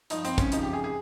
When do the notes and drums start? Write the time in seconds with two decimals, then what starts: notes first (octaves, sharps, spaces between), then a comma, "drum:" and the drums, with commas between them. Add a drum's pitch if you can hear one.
0.10 G2 F3 D#4, drum: hi-hat
0.25 C4, drum: hi-hat
0.38 C#4, drum: kick, hi-hat
0.52 F2 C#3 F3 D#4, drum: hi-hat
0.63 G4
0.73 G#4
0.84 G#4